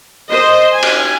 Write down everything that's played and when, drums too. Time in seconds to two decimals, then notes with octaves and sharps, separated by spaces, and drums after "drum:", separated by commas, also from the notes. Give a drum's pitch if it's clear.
0.28 C5 D#5
0.72 G#5
0.83 drum: cymbal